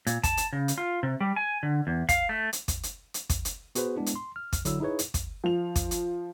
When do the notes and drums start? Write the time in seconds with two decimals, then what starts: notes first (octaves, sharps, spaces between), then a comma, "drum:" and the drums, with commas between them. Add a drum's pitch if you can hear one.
0.07 A#2, drum: hi-hat
0.24 A5, drum: kick, hi-hat
0.37 drum: hi-hat
0.53 C#3
0.68 drum: hi-hat
0.78 F4
1.03 C3
1.21 G3
1.36 G#5
1.63 D3
1.87 E2
2.09 F5, drum: kick, hi-hat
2.29 A3
2.53 drum: hi-hat
2.68 drum: kick, hi-hat
2.83 drum: hi-hat
3.14 drum: hi-hat
3.30 drum: kick, hi-hat
3.45 drum: hi-hat
3.75 B3 F#4 G#4 B4 C5, drum: hi-hat
3.96 G#3 B3 D4 E4
4.06 drum: hi-hat
4.16 C6
4.36 F6
4.53 drum: kick, hi-hat
4.65 D3 F#3 E4 E6, drum: hi-hat
4.80 D#4 E4 G#4 B4 C#5
4.99 drum: hi-hat
5.14 drum: kick, hi-hat
5.44 F3 F7
5.76 drum: kick, hi-hat
5.91 drum: hi-hat